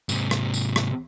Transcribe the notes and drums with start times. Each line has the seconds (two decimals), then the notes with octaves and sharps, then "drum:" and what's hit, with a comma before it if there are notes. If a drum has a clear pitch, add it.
0.09 G#2 C3, drum: tambourine
0.31 drum: rim click
0.54 drum: tambourine
0.76 drum: rim click